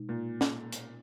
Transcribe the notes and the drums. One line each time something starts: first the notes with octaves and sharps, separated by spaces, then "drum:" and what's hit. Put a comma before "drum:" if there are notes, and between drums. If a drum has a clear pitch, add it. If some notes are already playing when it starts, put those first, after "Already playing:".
Already playing: B2 G#3 D#4
A#2
drum: snare
drum: hi-hat